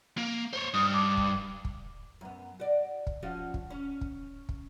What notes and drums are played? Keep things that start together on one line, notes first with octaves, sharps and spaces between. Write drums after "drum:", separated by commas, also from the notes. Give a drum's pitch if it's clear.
A#3
C5 C#5
G2 D#6
D6
drum: kick
drum: kick
F#2 B3
F#4 D5
drum: kick
F3 C#4 F#4
drum: kick
C#4
drum: kick
drum: kick